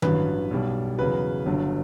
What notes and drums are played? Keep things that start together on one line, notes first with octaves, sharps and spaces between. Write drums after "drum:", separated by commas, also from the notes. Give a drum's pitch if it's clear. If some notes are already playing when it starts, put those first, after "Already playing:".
A1 G2 F#3 B4, drum: tom D#3
B1 B2 G3
E2 C#3 F#3 B4
G1 G2 D3 F#3